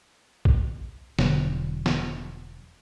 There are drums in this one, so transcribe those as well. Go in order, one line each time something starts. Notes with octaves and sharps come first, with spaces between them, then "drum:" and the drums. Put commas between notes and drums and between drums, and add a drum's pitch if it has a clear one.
drum: kick
E1 D3 F#3, drum: snare
drum: snare